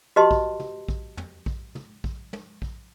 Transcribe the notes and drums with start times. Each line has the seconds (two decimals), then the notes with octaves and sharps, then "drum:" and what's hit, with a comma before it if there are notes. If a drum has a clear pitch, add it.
0.16 F#4 G4 B4 D#5 A5 C6
0.31 drum: kick A#1
0.60 drum: tom
0.88 drum: kick A#1
1.17 drum: tom
1.46 drum: kick A#1
1.75 drum: tom
2.04 drum: kick A#1
2.33 drum: tom
2.62 drum: kick A#1